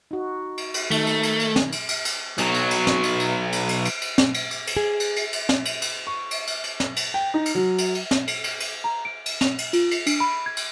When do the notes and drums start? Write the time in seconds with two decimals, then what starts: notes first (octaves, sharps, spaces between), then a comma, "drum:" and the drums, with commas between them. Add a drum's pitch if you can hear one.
0.11 D#4 F#4
0.58 drum: cymbal
0.74 drum: cymbal
0.91 D#3 A3 D#4, drum: cymbal
1.07 drum: cymbal
1.23 drum: cymbal
1.39 drum: cymbal
1.56 drum: snare
1.72 drum: cymbal
1.89 drum: cymbal
2.05 drum: cymbal
2.38 B1 F#3, drum: cymbal
2.54 drum: cymbal
2.71 drum: cymbal
2.87 drum: snare
3.03 drum: cymbal
3.20 drum: cymbal
3.52 drum: cymbal
3.69 drum: cymbal
3.85 drum: cymbal
4.02 drum: cymbal
4.18 drum: snare
4.34 drum: cymbal
4.51 drum: cymbal
4.67 drum: cymbal
4.77 G#4
5.00 drum: cymbal
5.16 drum: cymbal
5.33 drum: cymbal
5.49 drum: snare
5.65 drum: cymbal
5.82 drum: cymbal
6.07 C#6
6.31 drum: cymbal
6.47 drum: cymbal
6.64 drum: cymbal
6.80 drum: snare
6.96 drum: cymbal
7.14 G5
7.34 D#4
7.45 drum: cymbal
7.55 F#3
7.78 drum: cymbal
7.95 drum: cymbal
8.11 drum: snare
8.27 drum: cymbal
8.44 drum: cymbal
8.60 drum: cymbal
8.84 A#5
9.05 D7
9.26 drum: cymbal
9.41 F7, drum: snare
9.58 drum: cymbal
9.73 F4, drum: cymbal
9.91 drum: cymbal
10.06 D4, drum: cymbal
10.20 B5
10.46 G#6
10.57 drum: cymbal